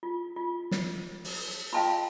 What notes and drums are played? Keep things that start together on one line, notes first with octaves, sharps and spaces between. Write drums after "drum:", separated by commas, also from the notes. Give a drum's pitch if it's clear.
F4
F4
drum: snare
drum: open hi-hat
F4 D#5 F5 G5 A5 B5